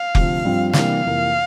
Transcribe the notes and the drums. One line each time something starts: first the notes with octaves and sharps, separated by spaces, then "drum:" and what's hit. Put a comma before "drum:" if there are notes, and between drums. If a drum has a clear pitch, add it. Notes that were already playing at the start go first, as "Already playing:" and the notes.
Already playing: F5
D2 C3 F3, drum: kick F1
G2 F3 C4 F4
C3 E3 G3 A#3 D4 F5, drum: snare
F2 C3 E3 A#3